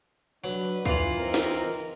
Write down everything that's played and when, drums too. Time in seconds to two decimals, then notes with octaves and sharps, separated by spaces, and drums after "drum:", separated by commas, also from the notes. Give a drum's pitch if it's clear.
0.44 F#3 D4 B4
0.61 drum: hi-hat
0.85 E3 F4, drum: kick C#2, hi-hat
1.16 C4 D#4 A#4
1.34 drum: snare
1.58 drum: hi-hat